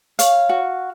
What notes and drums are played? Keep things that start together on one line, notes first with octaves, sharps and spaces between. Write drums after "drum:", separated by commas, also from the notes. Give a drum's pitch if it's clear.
C#5 F5, drum: hi-hat
F#4